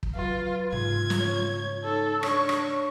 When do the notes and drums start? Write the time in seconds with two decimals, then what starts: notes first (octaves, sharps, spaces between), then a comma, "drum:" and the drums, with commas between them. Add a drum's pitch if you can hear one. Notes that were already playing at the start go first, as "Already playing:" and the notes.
0.03 drum: kick
0.15 F#3 F4 B4
0.72 G#2 C#3 F4 G#6
1.10 drum: snare
1.19 C#5
1.84 D#4 A4
2.23 D4 C#5 C#6, drum: rim click
2.49 drum: rim click